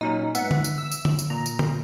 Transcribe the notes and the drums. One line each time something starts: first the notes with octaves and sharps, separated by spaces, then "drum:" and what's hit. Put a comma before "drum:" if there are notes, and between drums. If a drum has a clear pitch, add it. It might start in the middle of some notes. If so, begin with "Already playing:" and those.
A#2 F#3 C#4 D#4
G#2 B3 E5 F#5, drum: tambourine
drum: tom D3
drum: tambourine
E6
drum: tambourine
drum: tom D3
drum: tambourine
A#2 A#5
drum: tambourine
drum: tom D3